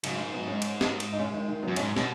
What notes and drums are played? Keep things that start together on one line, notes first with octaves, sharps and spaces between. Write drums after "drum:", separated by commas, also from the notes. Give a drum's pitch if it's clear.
G#2 C#3 F#3, drum: cymbal
D#3 G#3
F#3 B3
G#3 C#4
drum: cymbal
drum: snare
drum: cymbal
D#4
G#3 C#4
D#3 G#3
D#3 G#3
F#3 B3
F#2
G#2 G#3 C#4, drum: cymbal
B2, drum: snare